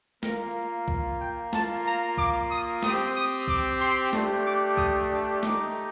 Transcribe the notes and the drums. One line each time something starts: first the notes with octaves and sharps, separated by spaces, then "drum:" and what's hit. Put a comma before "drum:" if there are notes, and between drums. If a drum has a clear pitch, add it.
A#3 F4 A#4, drum: snare
drum: kick
G5
A#3 F4 A5, drum: snare
A#5
D6, drum: kick
D#6
C4 G4 D#6, drum: snare
D#6
D6, drum: kick
C6
A3 D4 G4, drum: snare
D6
D#6, drum: kick
D6
A3 D#4 G4 D6, drum: snare